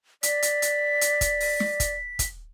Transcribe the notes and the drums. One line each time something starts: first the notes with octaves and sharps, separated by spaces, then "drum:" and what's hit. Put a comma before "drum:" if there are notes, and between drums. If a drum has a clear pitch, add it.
D5 B6, drum: hi-hat
drum: hi-hat
drum: hi-hat
drum: hi-hat
drum: kick, hi-hat
drum: open hi-hat
drum: snare
drum: kick, hi-hat
drum: kick, hi-hat